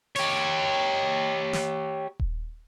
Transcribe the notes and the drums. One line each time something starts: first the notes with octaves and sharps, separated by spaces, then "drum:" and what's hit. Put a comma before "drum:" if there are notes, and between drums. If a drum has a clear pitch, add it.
G4 C#5, drum: open hi-hat
drum: snare
drum: kick D#1